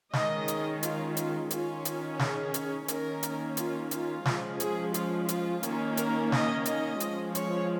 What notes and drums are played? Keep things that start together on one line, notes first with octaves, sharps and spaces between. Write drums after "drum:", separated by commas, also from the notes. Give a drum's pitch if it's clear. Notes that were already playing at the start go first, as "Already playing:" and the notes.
D#3 G#3 C#4 D#5, drum: snare
drum: hi-hat
F4, drum: hi-hat
F4, drum: hi-hat
D#3 C#4 F4, drum: hi-hat
drum: hi-hat
G#4, drum: snare
drum: hi-hat
D#3 A#3 C#4 A#4, drum: hi-hat
drum: hi-hat
F4, drum: hi-hat
F4, drum: hi-hat
F3 G#3 C#4, drum: snare
G#4, drum: hi-hat
F4, drum: hi-hat
F4, drum: hi-hat
D#3 A#3 C#4, drum: hi-hat
A#4, drum: hi-hat
D#5, drum: snare
D#5, drum: hi-hat
F3 G#3 C#4, drum: hi-hat
C#5, drum: hi-hat